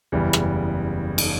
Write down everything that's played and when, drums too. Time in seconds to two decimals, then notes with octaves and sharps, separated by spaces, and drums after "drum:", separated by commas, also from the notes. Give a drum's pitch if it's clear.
0.12 F#1 E2 C#3 E3 G3
0.33 drum: rim click
1.18 drum: cymbal